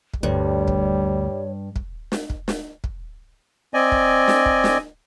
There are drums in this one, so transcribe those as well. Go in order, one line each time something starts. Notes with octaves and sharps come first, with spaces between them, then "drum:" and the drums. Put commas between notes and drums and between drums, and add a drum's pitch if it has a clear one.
drum: kick
D2 G2 G3 C#5
drum: kick
drum: kick
drum: snare
drum: kick
drum: snare
drum: kick
C4 D5 D#5 G#5
drum: kick
drum: snare
drum: kick
drum: snare